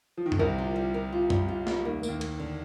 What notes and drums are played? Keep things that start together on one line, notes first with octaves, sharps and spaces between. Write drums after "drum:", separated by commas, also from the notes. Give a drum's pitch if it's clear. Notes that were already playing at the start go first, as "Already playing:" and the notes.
F3
D#3
D3, drum: tom F#2
C2 C3 A#4
F4
G3
A#4
F4
G3, drum: tom F#2
F4
G3, drum: snare
D#2 D#3 A#3
A#3, drum: tambourine
D#2 D#3
A#3, drum: cymbal
D3